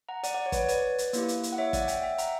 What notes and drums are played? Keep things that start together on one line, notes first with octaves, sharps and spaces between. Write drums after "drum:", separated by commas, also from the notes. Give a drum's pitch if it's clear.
F#5 A#5
D5 F#5, drum: hi-hat
D5 F#5
C#5
B4, drum: kick, hi-hat
C#5
B4 D5, drum: hi-hat
drum: hi-hat
A#3 E4 G4, drum: hi-hat
drum: hi-hat
drum: hi-hat
F#5
C#5 E5
D5 F#5, drum: kick, hi-hat
E5 G5, drum: hi-hat
E5 G5
F#5 A#5, drum: hi-hat